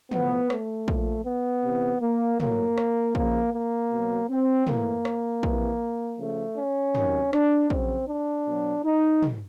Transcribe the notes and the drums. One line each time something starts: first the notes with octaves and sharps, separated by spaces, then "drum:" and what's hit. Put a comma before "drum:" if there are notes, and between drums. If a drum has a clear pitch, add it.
A2 F3 B3, drum: tom
A3, drum: rim click
A#2 F3, drum: kick
B3
C3 E3
A#3
A2 F#3 A#3, drum: tom
drum: rim click
C#3 F3 A#3, drum: kick
A#3
B2 F#3
C4
A2 E3 A#3, drum: tom
drum: rim click
C3 E3, drum: kick
C#3 F3 A3
C#4
C3 D#3 F#3, drum: tom
D4, drum: rim click
C#3 F#3 C4, drum: kick
D4
B2 F#3
D#4
drum: tom